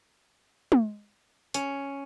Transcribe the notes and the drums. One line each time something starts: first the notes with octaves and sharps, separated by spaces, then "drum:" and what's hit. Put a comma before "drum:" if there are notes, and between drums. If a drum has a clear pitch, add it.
drum: tom
C#4, drum: hi-hat